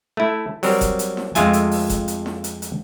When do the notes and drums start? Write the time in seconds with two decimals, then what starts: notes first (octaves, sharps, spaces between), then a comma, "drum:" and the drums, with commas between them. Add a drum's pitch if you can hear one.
0.17 A3 E4
0.63 F#3 G3 C4 A#4, drum: open hi-hat
0.81 drum: kick F#1, hi-hat
0.99 drum: hi-hat
1.17 drum: snare E4
1.35 F2 G#3 A3 F4 E5 G#5, drum: hi-hat
1.53 drum: hi-hat
1.71 drum: open hi-hat
1.90 drum: kick F#1, hi-hat
2.08 drum: hi-hat
2.26 drum: snare E4
2.44 drum: hi-hat
2.62 drum: hi-hat